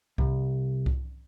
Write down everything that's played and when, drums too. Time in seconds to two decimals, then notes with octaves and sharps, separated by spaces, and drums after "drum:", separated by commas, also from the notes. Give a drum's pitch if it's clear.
0.18 C2, drum: kick C2
0.86 drum: kick C2